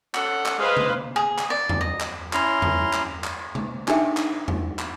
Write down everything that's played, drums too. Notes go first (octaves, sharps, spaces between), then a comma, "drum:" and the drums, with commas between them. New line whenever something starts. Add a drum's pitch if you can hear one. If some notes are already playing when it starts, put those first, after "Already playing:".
C#4 A4 F#5, drum: clap
drum: clap
G#3 B4 C5 F5
drum: tom C3
G#4
drum: clap
D5
drum: tom E2
D#5
drum: clap
C#4 E4 A#5 C6, drum: clap
drum: tom E2
drum: clap
drum: clap
drum: tom C3
D4 D#4 G#4 E5 G5, drum: clap
drum: clap
drum: tom E2
drum: clap